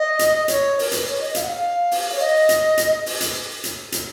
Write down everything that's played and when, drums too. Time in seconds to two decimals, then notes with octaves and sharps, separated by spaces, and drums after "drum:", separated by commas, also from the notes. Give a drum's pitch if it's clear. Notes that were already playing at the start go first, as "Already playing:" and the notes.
Already playing: D#5
0.19 drum: hi-hat
0.48 C#5, drum: hi-hat
0.79 A#4, drum: open hi-hat
0.92 B4, drum: hi-hat
1.05 C#5
1.20 D#5
1.35 F5, drum: hi-hat
1.42 F#5
1.49 F5
1.91 drum: open hi-hat
2.12 C#5
2.20 D#5
2.49 drum: hi-hat
2.78 drum: hi-hat
3.06 drum: open hi-hat
3.21 drum: hi-hat
3.64 drum: hi-hat
3.92 drum: hi-hat